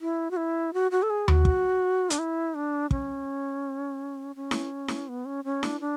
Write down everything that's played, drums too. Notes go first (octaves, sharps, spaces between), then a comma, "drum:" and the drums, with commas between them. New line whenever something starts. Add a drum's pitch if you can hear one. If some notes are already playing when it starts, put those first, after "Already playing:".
E4
F#4
E4
F#4
F#4
A4
G#4
F#4, drum: tom D#2
drum: kick
D4, drum: hi-hat
E4
D4
C#4, drum: kick
C#4
drum: snare E4
drum: snare E4
B3
C#4
C#4
D4, drum: snare E4
D4